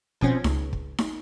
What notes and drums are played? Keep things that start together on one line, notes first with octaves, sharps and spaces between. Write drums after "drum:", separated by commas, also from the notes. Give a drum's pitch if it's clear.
B2 F3 C4 C#4, drum: kick
C#2, drum: snare D#4
drum: kick
drum: snare D#4